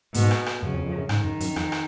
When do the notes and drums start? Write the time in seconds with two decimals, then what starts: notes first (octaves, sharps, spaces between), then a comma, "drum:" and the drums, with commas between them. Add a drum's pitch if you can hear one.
0.14 G#2 B2, drum: hi-hat
0.31 drum: rim click
0.46 drum: rim click
0.62 F#2 C#3
0.74 F2
0.86 F2
0.97 F#2
1.09 G#2 D#3, drum: rim click
1.25 F#2
1.40 F#2, drum: hi-hat
1.56 F2, drum: rim click
1.72 drum: rim click